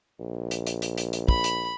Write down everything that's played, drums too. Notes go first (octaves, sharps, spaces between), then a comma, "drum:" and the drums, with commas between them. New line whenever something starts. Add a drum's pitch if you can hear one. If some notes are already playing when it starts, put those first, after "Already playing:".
A#1
drum: hi-hat
drum: hi-hat
drum: hi-hat
drum: hi-hat
drum: hi-hat
B5, drum: kick
drum: hi-hat